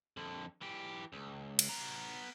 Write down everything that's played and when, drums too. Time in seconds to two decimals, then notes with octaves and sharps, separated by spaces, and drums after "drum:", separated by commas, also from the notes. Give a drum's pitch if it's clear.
0.17 F2 D3
0.61 E3 G4
1.13 C#2
1.59 drum: cymbal
1.69 B3 A#5